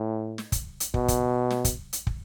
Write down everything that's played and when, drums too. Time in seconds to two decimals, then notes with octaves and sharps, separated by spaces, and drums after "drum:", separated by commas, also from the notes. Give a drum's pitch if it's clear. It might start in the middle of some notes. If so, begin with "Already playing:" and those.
Already playing: A2
0.38 drum: snare
0.52 drum: kick, hi-hat
0.80 drum: hi-hat
0.94 B2, drum: kick
1.08 drum: kick, hi-hat
1.50 drum: snare
1.65 drum: kick, hi-hat
1.93 drum: hi-hat
2.07 drum: kick